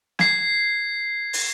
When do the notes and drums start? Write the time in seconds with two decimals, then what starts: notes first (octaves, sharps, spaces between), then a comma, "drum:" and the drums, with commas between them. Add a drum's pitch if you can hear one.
0.19 G#6 C7, drum: snare
1.33 drum: open hi-hat